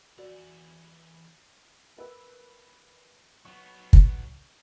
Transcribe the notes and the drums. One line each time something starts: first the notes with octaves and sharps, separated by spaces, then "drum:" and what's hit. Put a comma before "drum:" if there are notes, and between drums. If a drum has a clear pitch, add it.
E3 F#4 D5 F#5
A#4 B4 E6
F#3 B3 C#6
drum: kick